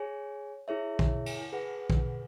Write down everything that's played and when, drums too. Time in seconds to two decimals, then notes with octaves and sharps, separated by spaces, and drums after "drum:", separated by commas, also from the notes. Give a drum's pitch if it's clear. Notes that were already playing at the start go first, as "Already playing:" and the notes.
Already playing: G#4 C#5 G#5
0.68 E4 G#4 C#5 E5
0.99 drum: kick
1.26 drum: cymbal
1.53 G#4 B4 F#5
1.90 drum: kick